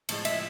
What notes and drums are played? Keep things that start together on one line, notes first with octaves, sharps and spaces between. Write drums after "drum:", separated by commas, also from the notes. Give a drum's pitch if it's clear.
A2 F3 G#3, drum: cymbal
E5, drum: cymbal